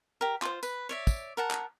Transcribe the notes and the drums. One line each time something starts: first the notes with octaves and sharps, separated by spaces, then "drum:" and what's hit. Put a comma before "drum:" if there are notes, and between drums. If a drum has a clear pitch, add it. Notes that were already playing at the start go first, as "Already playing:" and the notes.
G4 A#4
F4 C5, drum: clap
B4, drum: tambourine
C#5 D5 E5
drum: kick, tambourine
A#4 F#5 A5
drum: clap